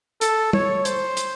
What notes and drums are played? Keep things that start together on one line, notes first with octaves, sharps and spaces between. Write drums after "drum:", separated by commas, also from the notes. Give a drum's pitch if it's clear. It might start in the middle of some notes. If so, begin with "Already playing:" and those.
A4, drum: hi-hat
C#5, drum: tom
C5, drum: hi-hat
drum: hi-hat